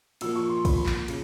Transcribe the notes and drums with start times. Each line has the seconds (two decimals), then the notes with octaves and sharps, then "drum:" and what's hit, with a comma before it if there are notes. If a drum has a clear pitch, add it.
0.21 A#2 F3 A#3 E6, drum: cymbal
0.36 C#6
0.50 C6
0.65 B5, drum: kick, cymbal
0.86 drum: clap
1.08 C#3 F3, drum: cymbal